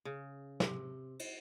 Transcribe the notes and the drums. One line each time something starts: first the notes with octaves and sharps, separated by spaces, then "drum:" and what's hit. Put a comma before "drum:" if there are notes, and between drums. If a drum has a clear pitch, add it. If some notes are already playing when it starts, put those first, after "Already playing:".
C#3
C3, drum: snare
drum: cymbal